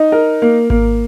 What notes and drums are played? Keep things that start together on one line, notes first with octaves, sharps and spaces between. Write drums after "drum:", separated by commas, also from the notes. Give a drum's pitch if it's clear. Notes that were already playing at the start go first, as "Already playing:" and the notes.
Already playing: D#4
A#4
A#3
A#3, drum: kick G#1